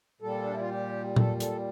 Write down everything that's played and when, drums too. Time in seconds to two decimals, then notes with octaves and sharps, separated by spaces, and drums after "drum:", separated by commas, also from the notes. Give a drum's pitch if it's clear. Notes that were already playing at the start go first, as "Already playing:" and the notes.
0.21 A#2 G3 A4
0.43 D4
0.51 E4
0.61 F4
0.69 G4
1.16 A4, drum: tom A#2
1.40 A4, drum: hi-hat